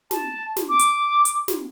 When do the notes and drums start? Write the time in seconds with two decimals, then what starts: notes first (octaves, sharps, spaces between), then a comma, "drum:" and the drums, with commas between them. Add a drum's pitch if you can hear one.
0.11 A5, drum: snare
0.57 drum: snare
0.69 D6
0.79 drum: hi-hat
1.25 drum: hi-hat
1.48 drum: snare